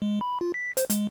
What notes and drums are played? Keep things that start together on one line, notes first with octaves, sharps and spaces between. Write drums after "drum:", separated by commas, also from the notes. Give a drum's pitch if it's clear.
G#3
B5
F4
B6
C5, drum: hi-hat
G#3, drum: hi-hat